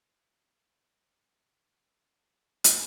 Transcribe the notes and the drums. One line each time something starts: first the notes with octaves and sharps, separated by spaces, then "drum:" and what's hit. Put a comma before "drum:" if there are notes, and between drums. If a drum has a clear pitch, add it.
G3
F3 G3 A3 D#4 B4
drum: hi-hat